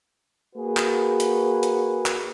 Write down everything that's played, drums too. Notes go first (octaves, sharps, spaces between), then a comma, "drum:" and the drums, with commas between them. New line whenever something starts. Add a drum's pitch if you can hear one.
A#3 F#4 G#4 B4
drum: clap
drum: hi-hat
drum: hi-hat
drum: clap